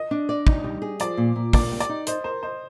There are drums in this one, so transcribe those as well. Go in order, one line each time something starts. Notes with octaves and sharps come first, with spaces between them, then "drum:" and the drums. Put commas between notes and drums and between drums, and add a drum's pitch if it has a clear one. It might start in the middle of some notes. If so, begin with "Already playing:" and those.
Already playing: D#5
D4
D5
D#4, drum: kick
G3
G#4
F3 D5, drum: hi-hat
A#2
A#2
A#3 D5, drum: kick, open hi-hat
G4
D5, drum: hi-hat
D#4
C5 D#5, drum: hi-hat
A#4 C5
C5 D#5